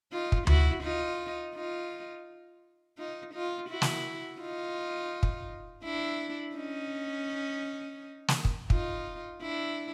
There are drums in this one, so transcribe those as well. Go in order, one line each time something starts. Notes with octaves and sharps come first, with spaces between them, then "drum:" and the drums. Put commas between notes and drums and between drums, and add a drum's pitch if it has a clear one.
D#4 F4
drum: kick
E4 F#4, drum: tom D2
D#4 F4
D#4 F4
D#4 F4
D#4 F4
E4 F#4
drum: snare
D#4 F4
drum: kick
D4 E4
C#4 D#4
drum: snare
drum: kick
D#4 F4, drum: kick
D4 E4